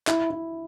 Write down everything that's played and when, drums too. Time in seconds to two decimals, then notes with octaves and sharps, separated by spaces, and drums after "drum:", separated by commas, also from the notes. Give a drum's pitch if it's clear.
0.07 E4, drum: clap
0.30 E4